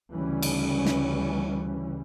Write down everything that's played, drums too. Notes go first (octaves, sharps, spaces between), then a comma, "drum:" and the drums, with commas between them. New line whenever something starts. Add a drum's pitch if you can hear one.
D2 C#3 E3 G3 C#4
drum: cymbal
drum: snare